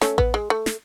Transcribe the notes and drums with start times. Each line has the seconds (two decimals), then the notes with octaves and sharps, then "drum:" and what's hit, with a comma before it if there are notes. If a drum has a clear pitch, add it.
0.01 A3 C#4, drum: snare
0.18 B3, drum: kick A1
0.34 G#3
0.50 A3
0.66 drum: snare